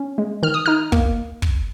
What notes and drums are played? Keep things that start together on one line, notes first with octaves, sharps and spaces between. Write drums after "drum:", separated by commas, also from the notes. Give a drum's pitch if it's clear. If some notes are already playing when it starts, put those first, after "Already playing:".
Already playing: C#4
G#3
D#3 F6
D#6
D#4 F6
A#3, drum: kick
drum: kick